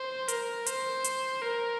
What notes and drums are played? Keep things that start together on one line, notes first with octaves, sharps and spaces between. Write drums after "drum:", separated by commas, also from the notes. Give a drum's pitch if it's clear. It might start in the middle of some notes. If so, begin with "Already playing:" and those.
Already playing: C5
A#4, drum: hi-hat
C5, drum: hi-hat
drum: hi-hat
A#4